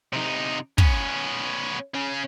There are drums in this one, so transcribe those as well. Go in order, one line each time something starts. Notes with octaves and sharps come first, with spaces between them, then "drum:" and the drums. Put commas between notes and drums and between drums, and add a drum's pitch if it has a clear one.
C3 D#4
B3 C#4, drum: kick
C#3 C#4